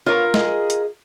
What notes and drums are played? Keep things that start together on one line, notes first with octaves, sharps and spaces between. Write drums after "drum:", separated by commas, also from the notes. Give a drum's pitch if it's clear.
B3 F4 A#4 C#5 F5
G#4 D#5, drum: snare
drum: hi-hat